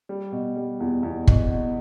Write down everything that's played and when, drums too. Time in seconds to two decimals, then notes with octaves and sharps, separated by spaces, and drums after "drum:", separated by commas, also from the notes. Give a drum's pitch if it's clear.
0.09 G3
0.32 B2
0.56 G3
0.80 E2
1.03 E2
1.27 B2, drum: kick
1.51 B2